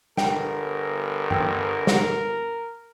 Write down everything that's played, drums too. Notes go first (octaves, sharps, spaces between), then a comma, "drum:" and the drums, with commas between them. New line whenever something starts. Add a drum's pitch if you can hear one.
G1 A#4 G5, drum: snare
G5 E6, drum: tom G2
drum: snare